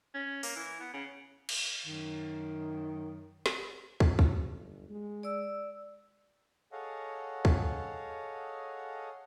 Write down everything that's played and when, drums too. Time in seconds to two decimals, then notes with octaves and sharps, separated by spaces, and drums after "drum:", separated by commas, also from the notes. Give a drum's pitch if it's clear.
0.14 C#4
0.43 A#3, drum: open hi-hat
0.56 E3
0.80 B3
0.94 C#3
1.49 drum: cymbal
1.86 F#2 D#3
3.46 drum: snare
4.00 drum: kick
4.19 F#3, drum: kick
4.50 G1
4.89 G#3
5.23 D5 E6
6.72 G#4 A4 C#5 D#5 F5 F#5
7.45 drum: kick